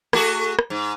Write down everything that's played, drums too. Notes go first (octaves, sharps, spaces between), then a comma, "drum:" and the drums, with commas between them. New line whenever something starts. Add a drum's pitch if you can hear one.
A3 F#4 G#4, drum: rim click
drum: rim click
G#2